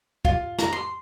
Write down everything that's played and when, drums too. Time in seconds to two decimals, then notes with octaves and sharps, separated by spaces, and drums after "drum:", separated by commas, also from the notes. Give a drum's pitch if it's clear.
0.25 F4, drum: kick
0.58 A#5, drum: snare
0.73 C6